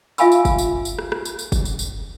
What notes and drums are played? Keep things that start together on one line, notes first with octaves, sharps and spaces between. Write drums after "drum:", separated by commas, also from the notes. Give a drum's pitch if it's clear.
F4 E5 F5 G#5 B5 E6, drum: tambourine
drum: tambourine
drum: kick, tambourine
drum: tambourine
drum: tambourine
drum: rim click
drum: rim click
drum: tambourine
drum: tambourine
drum: kick, tambourine
drum: tambourine
drum: tambourine